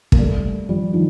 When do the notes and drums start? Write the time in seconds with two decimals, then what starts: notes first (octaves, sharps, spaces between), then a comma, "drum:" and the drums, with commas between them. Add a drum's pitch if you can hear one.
0.12 A#3, drum: kick
0.18 G3 A3
0.69 F3 G3
0.93 D#3 F3